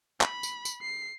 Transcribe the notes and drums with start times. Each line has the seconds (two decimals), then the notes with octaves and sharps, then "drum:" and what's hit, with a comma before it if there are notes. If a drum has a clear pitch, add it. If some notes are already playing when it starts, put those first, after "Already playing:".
0.21 B5, drum: clap
0.43 drum: tambourine
0.65 drum: tambourine
0.82 C7